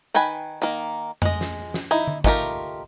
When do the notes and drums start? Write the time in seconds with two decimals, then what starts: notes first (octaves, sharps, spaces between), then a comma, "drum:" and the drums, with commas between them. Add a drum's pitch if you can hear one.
0.14 D#3 B4 G5 G#5 B5
0.62 D#3 A#3
1.22 G#3 D#5, drum: tom F2
1.41 drum: snare
1.74 drum: snare
1.91 D#4 E4
2.07 drum: tom D3
2.24 A3 D#4 F4 G4 A#4, drum: kick